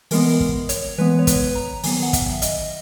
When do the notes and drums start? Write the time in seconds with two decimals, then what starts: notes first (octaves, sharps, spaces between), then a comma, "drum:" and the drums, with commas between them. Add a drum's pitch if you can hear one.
0.11 E3 G#3 B3 A#4, drum: open hi-hat
0.40 drum: kick
0.69 C#5, drum: hi-hat
0.98 E3 G#3 B3 B4
1.19 C#5
1.27 B4, drum: kick, hi-hat
1.55 A#5
1.84 D#3 F#3 B3 G#5, drum: open hi-hat
2.02 F#5
2.13 E5, drum: kick, hi-hat
2.42 D#5, drum: hi-hat